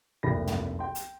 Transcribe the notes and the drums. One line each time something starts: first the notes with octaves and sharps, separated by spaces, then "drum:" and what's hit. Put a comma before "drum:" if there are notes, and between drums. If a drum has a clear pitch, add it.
F1 C2 A#3 B5 A#6
drum: tom
G5 C6
drum: hi-hat